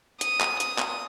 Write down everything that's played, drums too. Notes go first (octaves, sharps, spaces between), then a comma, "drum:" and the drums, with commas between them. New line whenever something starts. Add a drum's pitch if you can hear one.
D#6, drum: hi-hat
drum: clap
D#6, drum: hi-hat
drum: clap